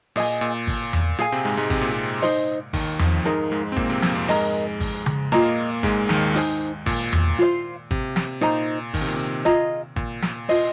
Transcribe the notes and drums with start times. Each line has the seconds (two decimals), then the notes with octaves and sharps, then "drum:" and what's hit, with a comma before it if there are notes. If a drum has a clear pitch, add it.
0.16 A#2 G#4 D#5 G#5, drum: open hi-hat
0.41 A#2
0.67 drum: kick G#1, open hi-hat
0.93 drum: tom E2
1.18 A#2 G#4 F5 G#5, drum: hi-hat
1.32 C3 C4
1.45 G#2 G#3
1.57 G#2 G#3
1.70 C3, drum: kick G#1, hi-hat
1.81 A#2
1.93 C3
2.22 D#4 C5 D#5, drum: open hi-hat
2.73 D#2 D#3, drum: kick G#1, open hi-hat
2.99 F2 F3, drum: tom E2
3.25 G#2 G#3 D#4 A#4 F5, drum: hi-hat
3.51 G#2 G#3
3.72 C4
3.76 A#2 A#3, drum: kick G#1, hi-hat
3.90 C3 C4
4.02 F2 F3, drum: snare
4.15 F2 F3
4.28 G#2 G#3 A#4 D#5 A#5, drum: open hi-hat
4.80 drum: kick G#1, open hi-hat
5.06 drum: tom C#3
5.32 A#2 A#3 F4 G#4 D#5 A#5, drum: hi-hat
5.83 G#2 G#3, drum: kick G#1, hi-hat
6.09 D#2 D#3, drum: snare
6.35 D#4 C5 G#5, drum: open hi-hat
6.86 A#2, drum: kick G#1, open hi-hat
7.13 drum: tom E2
7.39 F4 C5 F5, drum: hi-hat
7.91 C3, drum: kick G#1, hi-hat
8.16 drum: snare
8.41 A#2 D#4 C5 D#5 A#5
8.94 D#3, drum: kick G#1, open hi-hat
9.01 C3
9.08 A#2
9.16 C3
9.45 F4 G#4 D#5 A#5, drum: hi-hat
9.96 A#2, drum: kick G#1, hi-hat
10.22 drum: snare
10.49 F4 C5 D#5, drum: open hi-hat